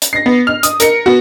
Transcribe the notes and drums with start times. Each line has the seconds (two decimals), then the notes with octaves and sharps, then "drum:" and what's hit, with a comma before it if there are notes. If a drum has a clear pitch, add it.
0.02 drum: hi-hat
0.13 A#6 C7
0.26 B3
0.47 F6
0.63 D#6, drum: hi-hat
0.80 A#4 C#7, drum: hi-hat
1.06 B3 F#4